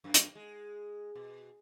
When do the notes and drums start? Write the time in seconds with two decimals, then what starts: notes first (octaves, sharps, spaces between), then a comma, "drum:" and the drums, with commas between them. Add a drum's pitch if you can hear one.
0.04 F#2 A#3
0.14 drum: hi-hat
0.35 G#3
1.15 B2